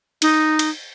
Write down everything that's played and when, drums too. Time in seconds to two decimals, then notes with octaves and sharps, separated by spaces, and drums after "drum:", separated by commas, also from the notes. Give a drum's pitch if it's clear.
0.22 D#4, drum: cymbal
0.59 drum: cymbal